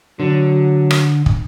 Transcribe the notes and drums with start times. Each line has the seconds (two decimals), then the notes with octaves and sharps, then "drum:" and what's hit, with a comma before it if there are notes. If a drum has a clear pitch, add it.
0.20 D3 F#3
0.91 drum: rim click
1.26 drum: kick